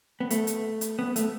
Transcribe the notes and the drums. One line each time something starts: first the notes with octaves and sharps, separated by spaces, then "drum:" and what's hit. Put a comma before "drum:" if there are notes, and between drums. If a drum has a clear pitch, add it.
B3
A3, drum: hi-hat
drum: hi-hat
drum: hi-hat
B3
A3, drum: hi-hat